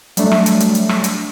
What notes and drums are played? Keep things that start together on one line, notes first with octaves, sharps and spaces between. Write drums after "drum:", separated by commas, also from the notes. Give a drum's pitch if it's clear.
F#3 G3 A3 D4, drum: hi-hat
drum: rim click
drum: hi-hat
drum: hi-hat
drum: hi-hat
drum: rim click
drum: hi-hat